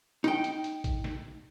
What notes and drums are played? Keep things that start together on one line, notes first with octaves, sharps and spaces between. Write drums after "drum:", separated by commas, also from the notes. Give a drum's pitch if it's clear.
D#4 G5, drum: hi-hat
drum: hi-hat
drum: hi-hat
drum: kick A1, hi-hat
drum: snare